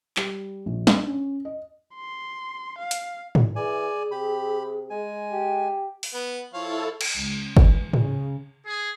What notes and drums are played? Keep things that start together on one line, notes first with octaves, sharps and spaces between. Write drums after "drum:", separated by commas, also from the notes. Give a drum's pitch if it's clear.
G3, drum: clap
A#1
D4, drum: snare
C#4
D#5
C6
F5
drum: hi-hat
drum: tom
E3 G#4 D5 G#5
C3 G4 B5
G#3 G#5
G4
drum: open hi-hat
B3
F3 E4 A4 C#5 F5
drum: cymbal
C#2
E3, drum: kick G1
C#3, drum: tom G#2
G#4